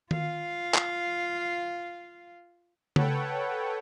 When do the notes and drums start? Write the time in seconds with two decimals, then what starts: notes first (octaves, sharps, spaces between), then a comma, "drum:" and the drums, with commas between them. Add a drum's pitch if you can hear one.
0.11 F4 F5, drum: tom D#3
0.75 drum: clap
2.96 A4 B4 C#5 F#5 G5, drum: tom C#3